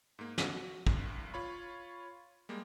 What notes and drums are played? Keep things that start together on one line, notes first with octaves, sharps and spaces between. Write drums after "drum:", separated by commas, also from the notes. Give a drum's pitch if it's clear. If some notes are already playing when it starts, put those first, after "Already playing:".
G#2 A#3
F#4, drum: snare
C2 G2, drum: kick
F4 C#5 B5
G3 G#3 A#3